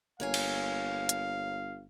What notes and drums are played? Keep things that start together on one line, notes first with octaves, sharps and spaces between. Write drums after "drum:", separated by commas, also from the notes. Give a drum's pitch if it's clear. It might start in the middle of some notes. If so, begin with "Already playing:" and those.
G1 A#3 C#5 F5 G#5
drum: cymbal
drum: hi-hat